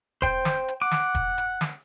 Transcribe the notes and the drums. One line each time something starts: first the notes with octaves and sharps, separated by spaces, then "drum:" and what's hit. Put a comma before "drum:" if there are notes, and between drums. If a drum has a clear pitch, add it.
C5 G5, drum: kick E1, hi-hat
drum: snare
drum: hi-hat
F#5 D6
drum: snare
drum: kick E1, hi-hat
drum: hi-hat
drum: snare